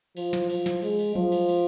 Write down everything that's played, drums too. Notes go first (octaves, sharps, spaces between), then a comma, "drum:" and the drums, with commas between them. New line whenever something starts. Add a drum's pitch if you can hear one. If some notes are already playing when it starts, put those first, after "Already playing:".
F3, drum: cymbal
drum: snare
F3, drum: cymbal
drum: snare
G#3, drum: cymbal
drum: cymbal
F3, drum: tom F3
drum: cymbal
drum: cymbal